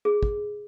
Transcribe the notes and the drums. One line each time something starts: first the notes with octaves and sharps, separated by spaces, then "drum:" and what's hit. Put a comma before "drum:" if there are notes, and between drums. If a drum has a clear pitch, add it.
G#4
drum: kick